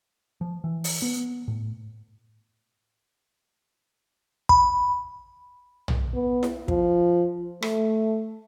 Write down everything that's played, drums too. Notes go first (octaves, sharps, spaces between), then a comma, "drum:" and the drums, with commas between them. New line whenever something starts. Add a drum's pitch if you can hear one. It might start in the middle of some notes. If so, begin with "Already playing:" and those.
F3
E3
drum: open hi-hat
B3
A2
B5, drum: kick
drum: tom
B3
drum: snare E4
F3, drum: kick
A3, drum: rim click